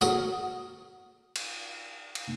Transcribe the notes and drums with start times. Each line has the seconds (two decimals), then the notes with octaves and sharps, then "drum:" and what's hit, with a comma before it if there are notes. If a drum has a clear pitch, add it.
0.01 F#4 G#4 A#4, drum: tambourine
1.36 drum: cymbal
2.15 drum: cymbal